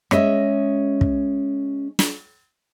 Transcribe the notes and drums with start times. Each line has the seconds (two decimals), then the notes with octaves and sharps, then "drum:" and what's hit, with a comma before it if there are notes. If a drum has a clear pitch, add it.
0.11 G#3 C#4 D#5 E5, drum: rim click
1.01 drum: kick
1.99 drum: snare